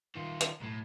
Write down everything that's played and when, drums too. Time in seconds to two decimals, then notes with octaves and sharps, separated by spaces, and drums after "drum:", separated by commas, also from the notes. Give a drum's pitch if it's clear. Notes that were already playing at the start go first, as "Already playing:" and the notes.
0.15 D#3 F4
0.41 drum: hi-hat
0.60 B1 A2